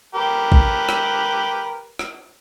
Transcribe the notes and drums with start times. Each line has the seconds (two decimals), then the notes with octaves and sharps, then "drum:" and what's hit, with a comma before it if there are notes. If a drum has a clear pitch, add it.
0.15 G4 A#4 B4
0.52 drum: kick A1
0.89 drum: rim click
1.99 drum: rim click